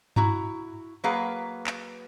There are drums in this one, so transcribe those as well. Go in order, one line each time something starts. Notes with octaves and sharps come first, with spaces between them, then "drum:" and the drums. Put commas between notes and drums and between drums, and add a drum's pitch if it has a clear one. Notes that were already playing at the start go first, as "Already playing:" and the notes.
E4 F#4 A#5, drum: tom G2
F#3 A#3 G#4 B4 F5
drum: clap